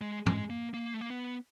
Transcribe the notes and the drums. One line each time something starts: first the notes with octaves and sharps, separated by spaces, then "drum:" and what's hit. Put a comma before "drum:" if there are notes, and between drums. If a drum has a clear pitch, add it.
G#3
G#3, drum: tom
A#3
A#3
A3
A#3
B3